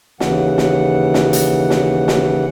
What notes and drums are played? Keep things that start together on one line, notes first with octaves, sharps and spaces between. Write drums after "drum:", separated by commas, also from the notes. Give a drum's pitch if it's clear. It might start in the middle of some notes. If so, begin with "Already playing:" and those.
D#2 C#3 E3 F#5, drum: snare
drum: snare
drum: snare
drum: hi-hat
drum: snare
drum: snare